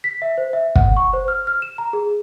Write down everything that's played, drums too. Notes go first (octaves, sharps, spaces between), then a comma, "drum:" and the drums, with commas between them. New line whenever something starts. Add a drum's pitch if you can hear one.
B6
E5
C5
E5
F#5, drum: kick
C#6
C5
F6
F6
E7
A#5
G#4